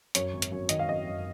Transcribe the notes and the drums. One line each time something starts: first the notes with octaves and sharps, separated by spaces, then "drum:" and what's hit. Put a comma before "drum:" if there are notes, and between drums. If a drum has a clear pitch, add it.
F#2 C#5, drum: hi-hat
G#1
drum: hi-hat
F#2
D#3 D#5, drum: hi-hat
F5
F#2 D#5
F#2